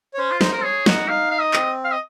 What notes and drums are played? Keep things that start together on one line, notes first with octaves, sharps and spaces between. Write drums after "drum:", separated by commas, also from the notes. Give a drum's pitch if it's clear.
C#5
C#4 C5
F4
D#4 C5, drum: snare
A#4 C5
G#4 C#5
D#4 F#4, drum: snare
D#4 F5
F5
D#5
C4, drum: clap
F5
D#5